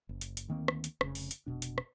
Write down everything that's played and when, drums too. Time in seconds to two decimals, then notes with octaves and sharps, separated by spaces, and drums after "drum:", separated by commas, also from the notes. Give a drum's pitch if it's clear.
0.09 F#1
0.21 drum: hi-hat
0.37 drum: hi-hat
0.49 D2 D#3 A#3 C4
0.68 drum: rim click
0.84 drum: hi-hat
1.01 F1 C#3, drum: rim click
1.15 drum: open hi-hat
1.31 drum: hi-hat
1.46 F1 B2 D4
1.62 drum: hi-hat
1.78 drum: rim click